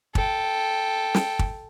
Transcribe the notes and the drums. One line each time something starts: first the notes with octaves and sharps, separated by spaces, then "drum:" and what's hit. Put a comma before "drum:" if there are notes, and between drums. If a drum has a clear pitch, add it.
A4 G5, drum: kick
drum: snare
drum: kick